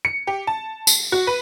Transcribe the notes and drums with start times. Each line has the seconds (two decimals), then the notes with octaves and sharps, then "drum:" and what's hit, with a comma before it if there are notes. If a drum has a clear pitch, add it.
0.05 C#7
0.27 G4
0.47 A5
0.87 drum: tambourine
1.12 F#4
1.27 B4